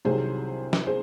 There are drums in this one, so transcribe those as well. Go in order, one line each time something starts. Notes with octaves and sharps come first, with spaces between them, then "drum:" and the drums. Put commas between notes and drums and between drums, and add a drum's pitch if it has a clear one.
C2 C3 D#3 F#3 G#4 C5
drum: snare
G#4 C5